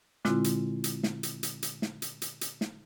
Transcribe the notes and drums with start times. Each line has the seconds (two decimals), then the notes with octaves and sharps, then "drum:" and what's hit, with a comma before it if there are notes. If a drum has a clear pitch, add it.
0.25 A#2 D3 G#3 C4 E4 F4, drum: snare
0.44 drum: hi-hat
0.84 drum: hi-hat
1.03 drum: snare
1.23 drum: hi-hat
1.43 drum: hi-hat
1.62 drum: hi-hat
1.82 drum: snare
2.02 drum: hi-hat
2.22 drum: hi-hat
2.41 drum: hi-hat
2.61 drum: snare